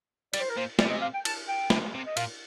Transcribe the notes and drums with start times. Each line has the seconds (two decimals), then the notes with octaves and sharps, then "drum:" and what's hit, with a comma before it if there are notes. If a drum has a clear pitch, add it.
0.34 G3 D5, drum: cymbal
0.41 C5
0.50 A#4
0.56 A#2 C5
0.79 C3 D5, drum: snare
0.90 D#5
1.01 F5
1.14 G5
1.25 A5, drum: cymbal
1.48 G5
1.70 D3, drum: snare
1.94 C3
2.07 D#5
2.17 A#2 F5, drum: cymbal